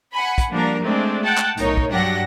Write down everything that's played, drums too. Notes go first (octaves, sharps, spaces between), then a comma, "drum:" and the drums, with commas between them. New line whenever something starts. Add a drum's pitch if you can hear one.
F#5 G#5 B5
drum: kick, hi-hat
F3 G3 A#3 D4 A#4
G#3 A3 C4 D4
F#5 G5 A5
drum: clap
B1 A2 D#4 A#4 C#5, drum: hi-hat
drum: kick
G2 F#3 D4 G4 F#5 A#6